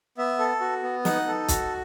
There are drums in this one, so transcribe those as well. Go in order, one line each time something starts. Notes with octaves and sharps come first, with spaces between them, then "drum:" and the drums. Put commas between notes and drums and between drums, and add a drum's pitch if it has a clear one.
B3 E5
A4
F#4
B3
D#4 F#5, drum: snare
A4
F#4, drum: kick B1, hi-hat